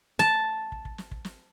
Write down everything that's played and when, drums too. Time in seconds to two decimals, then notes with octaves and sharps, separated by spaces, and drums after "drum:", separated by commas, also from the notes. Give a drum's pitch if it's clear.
0.19 A5, drum: snare
0.72 drum: kick
0.85 drum: kick
0.98 drum: snare
1.11 drum: kick
1.25 drum: snare